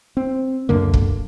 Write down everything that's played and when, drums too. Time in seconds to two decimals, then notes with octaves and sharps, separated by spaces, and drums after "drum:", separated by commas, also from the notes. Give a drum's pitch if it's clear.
0.17 C4
0.69 C#2 F#2 D3 A#3
0.94 drum: kick